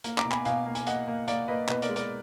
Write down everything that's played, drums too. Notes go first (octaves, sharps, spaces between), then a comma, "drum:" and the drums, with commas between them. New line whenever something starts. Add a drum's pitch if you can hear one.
A#3, drum: hi-hat
A#5 D6, drum: clap
B2
G#5 B5, drum: clap
B2 F5 G#5, drum: hi-hat
A#3
G#5, drum: hi-hat
A#3 D#5 F#5, drum: hi-hat
A#3
A#3 D5 F5, drum: hi-hat
A#3 B4 D#5
B2 B4 D#5, drum: clap
A#4 D5, drum: hi-hat
G#3
A#4 D5, drum: hi-hat